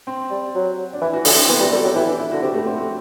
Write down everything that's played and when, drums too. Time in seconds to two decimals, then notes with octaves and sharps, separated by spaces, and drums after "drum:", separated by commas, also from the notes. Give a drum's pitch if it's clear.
0.07 C4
0.30 G3
0.54 F#3
0.93 D4
1.01 E3 E4
1.13 F#4
1.25 D3 E4, drum: open hi-hat
1.36 C4
1.49 E3 B3
1.60 G3 F#4
1.72 G3 A4
1.83 F#3 G4
1.95 E3 E4
2.07 D4
2.20 E4
2.32 D3 F#4
2.42 C3 G4
2.54 G2 A3
2.66 A2 C4
2.78 F#4